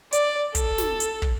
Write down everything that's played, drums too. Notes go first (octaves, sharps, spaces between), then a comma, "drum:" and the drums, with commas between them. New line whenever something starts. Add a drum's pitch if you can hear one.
D5, drum: hi-hat
A4, drum: kick, hi-hat
drum: snare
drum: hi-hat
drum: kick